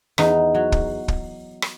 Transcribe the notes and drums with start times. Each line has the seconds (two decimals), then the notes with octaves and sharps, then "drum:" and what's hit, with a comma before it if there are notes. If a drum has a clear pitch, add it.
0.18 E2 D#4, drum: rim click
0.54 F#3
0.72 drum: kick
1.08 drum: kick
1.62 drum: rim click